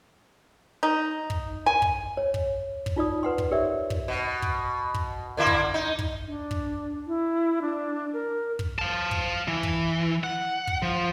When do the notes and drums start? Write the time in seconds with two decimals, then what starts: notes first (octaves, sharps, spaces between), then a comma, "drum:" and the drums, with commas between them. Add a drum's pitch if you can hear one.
0.83 D#4
1.30 drum: kick
1.66 G#5
1.82 drum: kick
2.17 C#5
2.34 drum: kick
2.86 drum: kick
2.96 D#4 F4 D5 D#6
3.23 B4 F#5 C6
3.38 drum: kick
3.51 G4 A#4 C#5 D5 E5
3.90 drum: kick
4.08 B2
4.42 drum: kick
4.94 drum: kick
5.37 D3 A#3 E4
5.47 drum: kick
5.74 D#4
5.99 drum: kick
6.27 D4
6.51 drum: kick
7.07 E4
7.62 D4
8.13 A#4
8.59 drum: kick
8.79 F5 A5
9.11 drum: kick
9.48 E3
9.63 drum: kick
10.24 F#5
10.67 drum: kick
10.82 F3